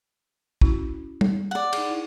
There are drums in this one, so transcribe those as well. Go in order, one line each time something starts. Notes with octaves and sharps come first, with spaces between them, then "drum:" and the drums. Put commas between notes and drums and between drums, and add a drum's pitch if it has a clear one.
C#4 E4 F#4, drum: kick
drum: tom
D5 F#5
D#4 G#4, drum: cymbal
E4